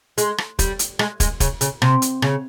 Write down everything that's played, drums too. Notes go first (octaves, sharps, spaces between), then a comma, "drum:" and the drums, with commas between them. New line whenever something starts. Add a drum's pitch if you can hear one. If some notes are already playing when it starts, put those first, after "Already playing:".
G#3, drum: hi-hat
drum: rim click
G3, drum: kick, hi-hat
drum: hi-hat
G#3, drum: rim click
G#3, drum: kick, hi-hat
C#3, drum: kick, hi-hat
C#3, drum: hi-hat
C3, drum: rim click
drum: hi-hat
C#3, drum: rim click